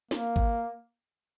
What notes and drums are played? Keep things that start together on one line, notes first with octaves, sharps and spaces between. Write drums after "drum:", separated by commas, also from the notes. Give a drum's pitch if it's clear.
A#3, drum: snare
drum: kick G#1